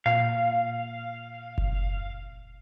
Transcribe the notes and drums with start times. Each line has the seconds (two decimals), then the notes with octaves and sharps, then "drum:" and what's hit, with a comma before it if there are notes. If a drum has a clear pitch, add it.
0.06 A#2 F5
1.58 drum: kick F#1